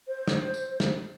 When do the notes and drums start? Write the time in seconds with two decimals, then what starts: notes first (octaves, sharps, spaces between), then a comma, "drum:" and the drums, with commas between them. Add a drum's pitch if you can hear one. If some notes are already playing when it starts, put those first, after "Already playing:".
0.08 C5
0.27 drum: snare
0.54 drum: tambourine
0.80 drum: snare